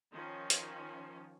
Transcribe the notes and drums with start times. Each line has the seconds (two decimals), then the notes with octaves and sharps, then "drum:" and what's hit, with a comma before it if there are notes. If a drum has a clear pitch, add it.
0.12 D#3 F3 C#4
0.50 drum: hi-hat